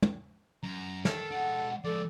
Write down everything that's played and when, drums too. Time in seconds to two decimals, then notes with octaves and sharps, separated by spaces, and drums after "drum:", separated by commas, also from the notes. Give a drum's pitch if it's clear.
0.02 drum: tom
0.63 F#2 A#5
1.05 A4 A#4 G5, drum: snare
1.31 G#3 D4 F#5
1.84 F3 G#3 A4 D5